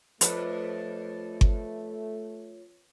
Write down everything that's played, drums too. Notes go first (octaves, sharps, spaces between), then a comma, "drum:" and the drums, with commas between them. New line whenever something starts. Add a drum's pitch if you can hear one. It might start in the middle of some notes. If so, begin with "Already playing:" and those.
F2 A3 F4 B4 C#5, drum: hi-hat
drum: kick G1